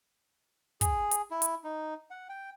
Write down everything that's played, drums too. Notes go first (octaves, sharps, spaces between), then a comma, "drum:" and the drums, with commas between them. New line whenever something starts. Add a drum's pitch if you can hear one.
G#4, drum: kick, hi-hat
drum: hi-hat
E4
drum: hi-hat
D#4
F#5
G5